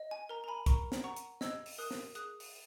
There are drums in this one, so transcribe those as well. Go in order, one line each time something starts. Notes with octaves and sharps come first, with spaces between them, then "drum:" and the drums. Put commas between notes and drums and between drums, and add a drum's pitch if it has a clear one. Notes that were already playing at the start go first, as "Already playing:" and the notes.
Already playing: D#5
G#5
A#4 A#5
A#5
G#5 B5
A#4 A#5 C#6, drum: kick, hi-hat
drum: snare
F#5 A#5 C#6
drum: hi-hat
D#5 E6 G#6, drum: snare
drum: open hi-hat
A#4 D#6 F#6
drum: snare
G#4 D#6 F#6, drum: hi-hat
drum: open hi-hat